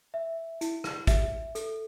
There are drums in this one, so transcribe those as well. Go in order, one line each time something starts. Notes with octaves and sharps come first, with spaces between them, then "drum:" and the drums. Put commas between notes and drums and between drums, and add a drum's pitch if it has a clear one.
E5
E4, drum: hi-hat
drum: rim click
E5, drum: kick, hi-hat
A4, drum: hi-hat